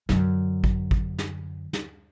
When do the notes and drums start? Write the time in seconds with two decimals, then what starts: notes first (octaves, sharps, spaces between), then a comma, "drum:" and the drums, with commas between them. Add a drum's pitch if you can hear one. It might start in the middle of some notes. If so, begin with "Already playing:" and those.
0.09 F#2 D3, drum: snare
0.64 drum: kick G#1
0.91 drum: kick G#1
1.19 drum: snare
1.73 drum: snare